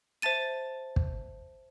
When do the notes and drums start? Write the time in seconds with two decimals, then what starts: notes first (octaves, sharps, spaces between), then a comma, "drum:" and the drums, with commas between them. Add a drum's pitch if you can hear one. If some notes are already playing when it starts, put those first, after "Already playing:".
0.22 C5 E5 A5 A6 D#7
0.96 drum: kick